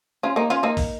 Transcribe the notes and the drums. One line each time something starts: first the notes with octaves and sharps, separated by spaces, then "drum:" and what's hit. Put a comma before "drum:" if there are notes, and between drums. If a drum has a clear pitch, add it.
C#4 F4
A#3 D#4
C#4 F4
A#3 D#4
drum: kick, open hi-hat